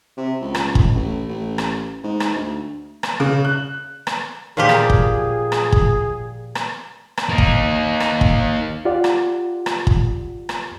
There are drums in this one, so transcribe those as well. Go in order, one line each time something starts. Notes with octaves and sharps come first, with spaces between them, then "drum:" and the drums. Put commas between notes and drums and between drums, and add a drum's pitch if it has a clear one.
C3
C#2
drum: rim click
drum: kick
A1
A1
drum: rim click
G#2
drum: rim click
D2
drum: rim click
C#3
F#6
drum: rim click
A#2 F3 G4 G#4
drum: rim click
drum: kick
drum: rim click
drum: kick
drum: rim click
drum: rim click
A#3 D#4
drum: kick
drum: rim click
drum: kick
F4 G4 D5 F#5
drum: rim click
drum: rim click
drum: kick
drum: rim click